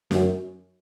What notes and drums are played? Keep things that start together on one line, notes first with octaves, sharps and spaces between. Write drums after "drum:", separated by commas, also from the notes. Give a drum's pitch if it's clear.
F#2, drum: snare